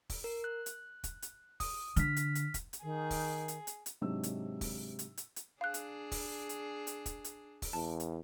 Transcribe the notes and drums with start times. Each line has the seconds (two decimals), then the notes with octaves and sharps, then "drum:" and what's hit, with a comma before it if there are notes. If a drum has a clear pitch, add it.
0.10 drum: kick, open hi-hat
0.24 A#4
0.44 F#6
0.66 drum: hi-hat
1.04 drum: kick, hi-hat
1.22 drum: hi-hat
1.60 D#6, drum: kick, open hi-hat
1.96 D3 F6 B6, drum: hi-hat
2.16 drum: hi-hat
2.35 drum: hi-hat
2.54 drum: kick, hi-hat
2.73 drum: hi-hat
2.83 D#3 G#4
3.11 drum: kick, open hi-hat
3.48 drum: hi-hat
3.67 drum: hi-hat
3.86 drum: hi-hat
4.01 G#2 C3 F#3 D4 D#4 E6
4.23 drum: hi-hat
4.61 drum: kick, open hi-hat
4.99 drum: hi-hat
5.17 drum: hi-hat
5.36 drum: hi-hat
5.61 D4 G#4 F5 F#6
5.74 drum: hi-hat
6.12 drum: kick, open hi-hat
6.49 drum: hi-hat
6.87 drum: hi-hat
7.06 drum: kick, hi-hat
7.24 drum: hi-hat
7.62 drum: kick, open hi-hat
7.73 E2 A5
8.00 drum: hi-hat